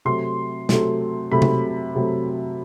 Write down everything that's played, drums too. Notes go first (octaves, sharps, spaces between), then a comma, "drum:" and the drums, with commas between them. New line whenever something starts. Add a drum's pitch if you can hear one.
C3 F#3 A3 C6
C3 F#3 A3, drum: snare
C3 F#3 A3 B5
drum: tom C3
C3 F#3 A3